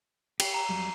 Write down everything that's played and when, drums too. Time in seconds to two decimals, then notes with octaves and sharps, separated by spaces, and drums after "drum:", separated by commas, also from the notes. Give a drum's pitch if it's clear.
0.40 G4, drum: cymbal
0.54 A#5
0.69 F2 F#3 G3